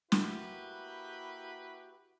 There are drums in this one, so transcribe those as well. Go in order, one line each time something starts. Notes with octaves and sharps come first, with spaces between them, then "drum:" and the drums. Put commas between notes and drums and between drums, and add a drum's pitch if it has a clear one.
A#3 E4 F#4 G4 B4, drum: snare